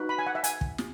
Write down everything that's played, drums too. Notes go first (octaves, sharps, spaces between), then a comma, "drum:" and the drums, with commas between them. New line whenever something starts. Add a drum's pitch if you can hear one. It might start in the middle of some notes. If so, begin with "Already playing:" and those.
Already playing: D#4 F#4 B4
B5
G#5
F#5
E5
G#5, drum: hi-hat
drum: kick
drum: snare